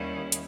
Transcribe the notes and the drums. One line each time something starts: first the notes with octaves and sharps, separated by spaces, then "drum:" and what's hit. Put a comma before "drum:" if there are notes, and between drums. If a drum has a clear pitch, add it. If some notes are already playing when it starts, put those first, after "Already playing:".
Already playing: D#2 D#3 G3 C#4 E4
drum: hi-hat